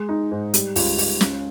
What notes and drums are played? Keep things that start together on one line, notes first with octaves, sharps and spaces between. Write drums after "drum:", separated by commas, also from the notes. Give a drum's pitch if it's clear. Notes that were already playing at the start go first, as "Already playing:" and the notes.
Already playing: G#3
D#4
G#2
G3, drum: hi-hat
C#2, drum: open hi-hat
C#2, drum: open hi-hat
C#4, drum: snare